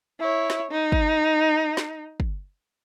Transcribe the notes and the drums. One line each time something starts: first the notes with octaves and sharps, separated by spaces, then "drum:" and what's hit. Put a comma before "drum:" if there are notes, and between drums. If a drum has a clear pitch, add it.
E4 C#5
drum: snare
D#4
drum: kick
drum: snare
drum: kick